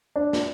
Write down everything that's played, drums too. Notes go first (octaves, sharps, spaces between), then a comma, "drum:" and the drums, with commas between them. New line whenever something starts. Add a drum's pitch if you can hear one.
D4
drum: snare